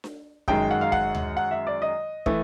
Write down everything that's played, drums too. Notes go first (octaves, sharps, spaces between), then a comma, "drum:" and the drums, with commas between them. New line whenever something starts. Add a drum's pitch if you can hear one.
drum: snare D4
F#2 D#3 G#3 G5, drum: kick
F#5
F5
F#5, drum: kick
drum: tom D2
F#5
E5
D5
D#5
E3 A3, drum: kick